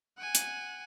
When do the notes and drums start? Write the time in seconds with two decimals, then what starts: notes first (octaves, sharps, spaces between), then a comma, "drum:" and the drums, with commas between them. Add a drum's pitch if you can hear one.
0.18 F#5 G#5
0.35 drum: hi-hat